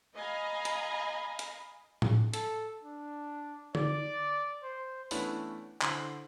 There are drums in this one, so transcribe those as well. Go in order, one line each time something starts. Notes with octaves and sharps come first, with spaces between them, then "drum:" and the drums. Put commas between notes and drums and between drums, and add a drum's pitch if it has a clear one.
D#5 F5 G#5 A#5 B5
drum: hi-hat
drum: hi-hat
drum: tom A2
A4, drum: hi-hat
D4
D5, drum: tom D3
C5
E3 A3 B3 C#4 D4 E4, drum: open hi-hat
D3 E4 C5 C6 F#7, drum: clap